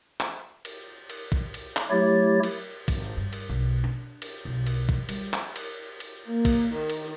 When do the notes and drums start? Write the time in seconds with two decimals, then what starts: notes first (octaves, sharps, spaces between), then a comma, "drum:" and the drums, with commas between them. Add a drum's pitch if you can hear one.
0.20 drum: clap
0.65 drum: cymbal
1.10 drum: cymbal
1.32 drum: kick
1.54 drum: cymbal
1.76 drum: clap
1.90 F#3 A3 E4 G4 C#5 A6
2.43 drum: cymbal
2.88 G#1, drum: kick, cymbal
3.17 G2
3.33 drum: cymbal
3.49 B1
3.84 D4
4.22 drum: cymbal
4.45 B1
4.66 drum: cymbal
4.89 drum: kick
5.09 G3, drum: cymbal
5.33 drum: clap
5.56 drum: cymbal
6.00 drum: cymbal
6.26 A#3
6.45 drum: kick, cymbal
6.73 D#3
6.90 drum: cymbal